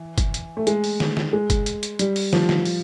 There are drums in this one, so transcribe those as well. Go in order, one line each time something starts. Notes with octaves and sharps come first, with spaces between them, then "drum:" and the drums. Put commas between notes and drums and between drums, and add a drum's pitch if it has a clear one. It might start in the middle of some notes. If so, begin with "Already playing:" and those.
Already playing: E3
drum: kick F#1, hi-hat
drum: hi-hat
A3
G#3, drum: hi-hat
drum: open hi-hat
drum: snare
drum: snare
G#3
drum: kick F#1, hi-hat
drum: hi-hat
drum: hi-hat
G3, drum: hi-hat
drum: open hi-hat
F3, drum: snare
drum: snare
drum: open hi-hat